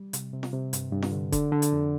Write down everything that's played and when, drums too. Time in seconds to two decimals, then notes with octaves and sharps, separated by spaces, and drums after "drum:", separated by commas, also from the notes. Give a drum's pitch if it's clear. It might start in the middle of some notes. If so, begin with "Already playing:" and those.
Already playing: G3
0.13 C3, drum: hi-hat
0.33 C3
0.43 drum: snare
0.53 C3
0.73 G2, drum: hi-hat
0.93 G2
1.02 drum: snare
1.12 D3
1.32 D3, drum: kick F1, hi-hat
1.52 D3
1.62 drum: hi-hat
1.72 F2